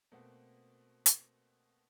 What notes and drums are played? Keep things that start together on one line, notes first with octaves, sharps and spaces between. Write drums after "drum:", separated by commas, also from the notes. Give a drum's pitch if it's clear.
B2 A3 A#3 C4 F#4
drum: hi-hat